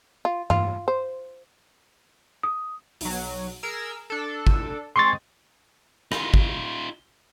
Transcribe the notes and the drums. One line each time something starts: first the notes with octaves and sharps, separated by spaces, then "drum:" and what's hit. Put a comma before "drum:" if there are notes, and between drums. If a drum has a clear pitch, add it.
F4
F4, drum: tom G2
C5
D#6
B1 F#3, drum: open hi-hat
G#4 A#4 E6
D4 A4
drum: kick
G#3 C4 G#4 C6 C#6 A6
D#4 F4, drum: rim click
drum: kick